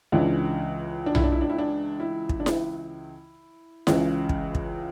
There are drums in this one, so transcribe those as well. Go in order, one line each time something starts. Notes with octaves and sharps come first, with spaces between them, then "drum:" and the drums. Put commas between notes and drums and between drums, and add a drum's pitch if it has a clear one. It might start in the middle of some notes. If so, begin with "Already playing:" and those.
C#2 C#3 E3 D4
D4
E4, drum: tom B1
D4
E4
D4
E4
D4
E4
drum: kick
D4
E4, drum: snare E4
C#2 C#3 E3, drum: snare E4
drum: kick
drum: kick